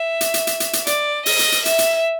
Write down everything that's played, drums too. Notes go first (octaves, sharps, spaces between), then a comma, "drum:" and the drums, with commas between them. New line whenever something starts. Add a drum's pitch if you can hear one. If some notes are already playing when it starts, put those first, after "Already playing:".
Already playing: E5
drum: hi-hat
drum: hi-hat
drum: hi-hat
drum: hi-hat
drum: hi-hat
D5, drum: hi-hat
D#5, drum: open hi-hat
drum: hi-hat
drum: hi-hat
E5, drum: hi-hat
drum: hi-hat